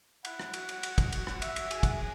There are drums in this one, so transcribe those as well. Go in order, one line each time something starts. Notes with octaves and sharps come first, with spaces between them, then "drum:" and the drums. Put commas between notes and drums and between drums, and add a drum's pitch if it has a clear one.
E4 F#5, drum: cymbal
drum: rim click
F#4, drum: cymbal
drum: cymbal
drum: cymbal
drum: kick, cymbal
drum: cymbal
drum: rim click
E5, drum: cymbal
drum: cymbal
G#4 G#5, drum: cymbal
F#5, drum: kick, cymbal
E5